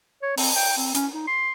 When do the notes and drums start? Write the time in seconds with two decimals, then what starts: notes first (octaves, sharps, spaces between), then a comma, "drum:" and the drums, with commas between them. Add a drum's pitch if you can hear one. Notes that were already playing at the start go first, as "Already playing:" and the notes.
0.23 C#5
0.38 C4, drum: open hi-hat
0.55 G5
0.77 C4
0.95 C#4, drum: hi-hat
1.13 D#4
1.28 C6